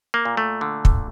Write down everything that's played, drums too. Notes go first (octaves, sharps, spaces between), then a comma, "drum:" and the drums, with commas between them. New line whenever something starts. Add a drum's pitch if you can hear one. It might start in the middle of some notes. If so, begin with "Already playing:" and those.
A#3
A#2
A3
D3
drum: kick